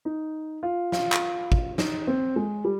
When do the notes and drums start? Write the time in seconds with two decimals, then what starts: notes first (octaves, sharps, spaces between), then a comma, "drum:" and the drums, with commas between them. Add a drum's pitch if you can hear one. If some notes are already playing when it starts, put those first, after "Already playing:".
0.05 D#4
0.63 F4
0.92 F4, drum: snare
1.12 drum: clap
1.52 drum: kick
1.78 D#4, drum: snare
2.07 C4
2.36 G#3
2.65 G3